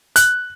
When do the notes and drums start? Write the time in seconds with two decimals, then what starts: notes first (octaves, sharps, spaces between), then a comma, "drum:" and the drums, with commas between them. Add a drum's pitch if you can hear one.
0.16 F#6, drum: hi-hat